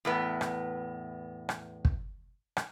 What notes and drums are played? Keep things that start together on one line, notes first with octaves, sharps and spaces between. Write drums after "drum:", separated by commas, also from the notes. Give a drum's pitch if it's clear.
E2 A2 B3
drum: rim click
drum: rim click
drum: kick
drum: rim click